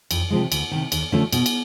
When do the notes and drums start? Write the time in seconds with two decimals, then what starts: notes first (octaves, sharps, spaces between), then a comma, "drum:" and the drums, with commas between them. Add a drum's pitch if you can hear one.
0.11 F2, drum: cymbal
0.30 C3 F3 G#3
0.52 D2, drum: cymbal
0.71 C3 D#3
0.92 D#2, drum: cymbal
1.12 D3 F3 A3 C#4
1.32 B2, drum: cymbal
1.46 drum: cymbal